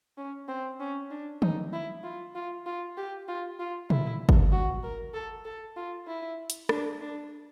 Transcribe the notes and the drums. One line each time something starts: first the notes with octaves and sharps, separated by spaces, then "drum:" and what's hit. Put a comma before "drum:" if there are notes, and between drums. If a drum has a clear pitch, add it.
C#4
C4
C#4
D4
D#4, drum: tom
E4
F4
F4
F4
G4
F4
F4
E4, drum: tom
drum: kick G1
F#4
A#4
A4
A4
F4
E4
drum: hi-hat
D4, drum: rim click
D4